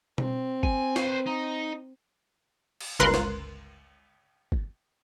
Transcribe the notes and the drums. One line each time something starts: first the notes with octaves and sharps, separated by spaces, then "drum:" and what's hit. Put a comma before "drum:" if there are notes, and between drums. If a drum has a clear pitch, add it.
C4, drum: tom B2
G#5, drum: kick
B4 C5, drum: snare
D#4
drum: cymbal
G1 C#2 A#4 B4 C6 F#6
drum: snare
drum: kick